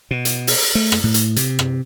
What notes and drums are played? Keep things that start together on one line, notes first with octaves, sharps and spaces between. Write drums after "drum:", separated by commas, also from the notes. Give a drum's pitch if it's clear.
B2
drum: hi-hat
drum: open hi-hat
A3
drum: rim click
A2
drum: hi-hat
C3, drum: hi-hat
drum: rim click